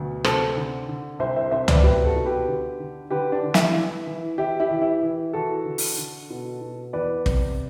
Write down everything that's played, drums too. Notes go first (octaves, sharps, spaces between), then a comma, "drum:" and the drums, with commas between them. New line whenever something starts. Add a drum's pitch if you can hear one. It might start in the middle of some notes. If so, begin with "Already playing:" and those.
Already playing: D2 B2
C3 A4 C5, drum: rim click
D3
D3
C2 C5 E5
C5 E5
C3 C5 E5
B4 D5, drum: tom
B2 G4 B4
F#4 A4
B2
G4 B4
D3
D3
D3 G4 B4
D4
D3
E4, drum: snare
E3
E3
E3 E4 G4
E4 G4
E3
E4
E3
E3 F#4 A4
D3
drum: open hi-hat
D3
B2
B2
E2 B4 D5
C3, drum: kick